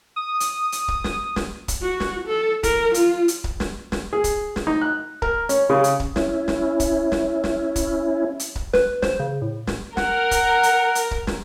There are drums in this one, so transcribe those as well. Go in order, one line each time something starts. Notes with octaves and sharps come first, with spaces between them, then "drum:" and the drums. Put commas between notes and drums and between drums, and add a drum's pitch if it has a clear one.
D#6
drum: hi-hat
drum: hi-hat
drum: kick C#1
drum: snare
drum: snare
drum: kick C#1, hi-hat
F#4
drum: snare
A4
A#4, drum: kick C#1, hi-hat
F4, drum: hi-hat
drum: hi-hat
drum: kick C#1
drum: snare
drum: snare
G#4
drum: kick C#1, hi-hat
drum: snare
D#4
F#6
A#4, drum: kick C#1
C#4, drum: hi-hat
C#3
drum: hi-hat
drum: kick C#1
C#4 E4, drum: snare
drum: snare
drum: kick C#1, hi-hat
drum: snare
drum: snare
drum: kick C#1, hi-hat
drum: hi-hat
drum: kick C#1
B4, drum: snare
C5, drum: snare
C#3
A2
drum: snare
A#4 F#5, drum: snare
drum: kick C#1, hi-hat
drum: hi-hat
drum: hi-hat
drum: kick C#1
drum: snare